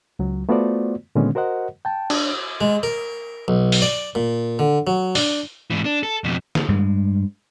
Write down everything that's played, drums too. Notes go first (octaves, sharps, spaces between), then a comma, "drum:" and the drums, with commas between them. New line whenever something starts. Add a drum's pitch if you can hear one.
C#2 F#3
A3 B3 F4 F#4 C5 D5
A#2 D3 D#3 G#3 B3 C#4
F#4 A#4 C5 D#5 F#5
G5 A5
D4, drum: cymbal
G#3
A#4
B1
drum: open hi-hat
D5
A#2
D3
F#3
D4, drum: open hi-hat
G#2 E3
D4
A4
F2 B2
drum: snare
G2 G#3